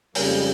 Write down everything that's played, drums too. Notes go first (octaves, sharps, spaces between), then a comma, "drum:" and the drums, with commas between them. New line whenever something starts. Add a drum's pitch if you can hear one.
F2 C#3 G3 A#3, drum: open hi-hat
A#3
G#3